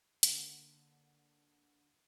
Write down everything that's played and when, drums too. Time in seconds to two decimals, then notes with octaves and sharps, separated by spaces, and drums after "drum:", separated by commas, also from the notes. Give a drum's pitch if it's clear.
0.23 D3 A#3 A#4 F#5 C#7 D#7, drum: hi-hat